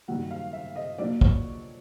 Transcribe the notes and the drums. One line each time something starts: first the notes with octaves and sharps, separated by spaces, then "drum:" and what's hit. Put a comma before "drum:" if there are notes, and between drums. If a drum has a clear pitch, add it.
G2 D#3 F#3 A#3 F#5
F5
E5
D#5
A#2 F#3 A#3 D4 D5
C#5, drum: kick